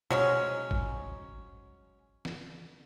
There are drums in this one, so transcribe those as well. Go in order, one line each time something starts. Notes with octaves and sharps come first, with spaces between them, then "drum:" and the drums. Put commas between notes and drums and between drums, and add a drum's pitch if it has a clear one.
F#3 G#3 C#4, drum: tom B2
drum: kick G#1
drum: snare